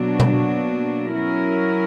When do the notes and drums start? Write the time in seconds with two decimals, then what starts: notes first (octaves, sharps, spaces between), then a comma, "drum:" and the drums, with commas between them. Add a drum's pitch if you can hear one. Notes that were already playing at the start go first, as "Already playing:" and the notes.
Already playing: B2 F#3 A#3 D4 F#4
0.20 drum: tom B2
1.14 F#3 C#4 E4 A#4